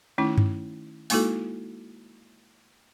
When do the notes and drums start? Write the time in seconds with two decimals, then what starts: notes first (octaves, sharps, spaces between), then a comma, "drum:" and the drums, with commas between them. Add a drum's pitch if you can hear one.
0.18 D#3 A3 C#4 D#4 E4
0.38 drum: tom G2
1.10 G#3 A#3 D#4 E4 F#4 A4, drum: open hi-hat